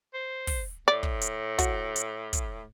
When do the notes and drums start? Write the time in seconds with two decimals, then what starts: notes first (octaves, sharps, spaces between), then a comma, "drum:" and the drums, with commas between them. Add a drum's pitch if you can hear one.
0.14 C5
0.47 drum: kick, open hi-hat
0.88 A2 D5
1.03 drum: kick
1.21 drum: hi-hat
1.59 F#4, drum: kick, hi-hat
1.96 drum: hi-hat
2.33 drum: kick, hi-hat